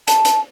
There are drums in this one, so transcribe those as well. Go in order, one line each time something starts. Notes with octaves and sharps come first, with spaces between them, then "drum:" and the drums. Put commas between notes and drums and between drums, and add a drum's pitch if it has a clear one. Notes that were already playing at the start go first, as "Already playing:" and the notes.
A5, drum: hi-hat
drum: hi-hat